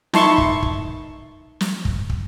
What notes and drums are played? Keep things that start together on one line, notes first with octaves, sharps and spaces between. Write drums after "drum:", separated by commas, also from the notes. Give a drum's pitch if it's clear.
D#4 E4 A5 C6 C#6, drum: snare
drum: kick
drum: kick
drum: snare
drum: kick
drum: kick